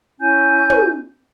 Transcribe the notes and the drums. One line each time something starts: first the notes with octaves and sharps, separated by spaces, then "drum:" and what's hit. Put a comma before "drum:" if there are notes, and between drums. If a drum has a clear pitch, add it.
C#4 E4 G#5 G6
drum: tom